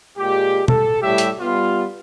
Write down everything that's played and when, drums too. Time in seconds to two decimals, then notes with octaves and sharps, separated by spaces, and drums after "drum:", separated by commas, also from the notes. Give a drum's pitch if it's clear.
0.18 A#2 G#3 G4
0.68 A4, drum: tom B2
1.02 A2 G3 G4 E5
1.18 drum: hi-hat
1.40 G3 B3 F4